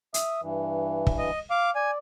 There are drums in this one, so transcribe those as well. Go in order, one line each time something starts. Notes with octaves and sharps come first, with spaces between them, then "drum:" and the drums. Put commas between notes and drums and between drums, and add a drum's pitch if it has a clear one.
E5 D#6, drum: hi-hat
G2 E3
drum: kick
D#5
F5 D6
D5 G#5